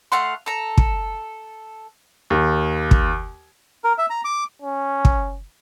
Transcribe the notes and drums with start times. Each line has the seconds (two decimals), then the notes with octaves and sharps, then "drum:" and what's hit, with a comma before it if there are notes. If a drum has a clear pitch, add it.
0.12 A3 F5 F#5 C6
0.46 A4 A#5
0.78 drum: kick
2.30 D#2
2.91 drum: kick
3.84 A#4
3.98 E5
4.10 A#5
4.25 D6
4.62 C#4
5.05 drum: kick